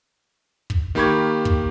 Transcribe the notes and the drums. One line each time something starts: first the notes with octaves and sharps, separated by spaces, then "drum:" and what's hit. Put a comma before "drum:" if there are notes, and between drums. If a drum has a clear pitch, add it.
drum: kick
D#3 A#3 G4 B5 C#6 G#6
drum: kick